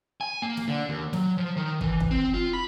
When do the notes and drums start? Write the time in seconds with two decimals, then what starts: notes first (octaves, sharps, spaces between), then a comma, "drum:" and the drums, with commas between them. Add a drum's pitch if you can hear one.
0.21 G#5
0.42 A#3
0.57 drum: snare
0.68 D3
0.89 D#2
1.13 F#3, drum: snare
1.38 F3
1.57 D#3
1.81 E3, drum: kick
2.00 drum: kick
2.11 C4
2.34 F4
2.53 B5